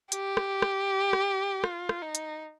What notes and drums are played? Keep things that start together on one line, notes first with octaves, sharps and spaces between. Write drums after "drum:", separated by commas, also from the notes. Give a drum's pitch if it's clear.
G4, drum: hi-hat
drum: rim click
drum: rim click
drum: rim click
F4, drum: rim click
drum: rim click
D#4
drum: hi-hat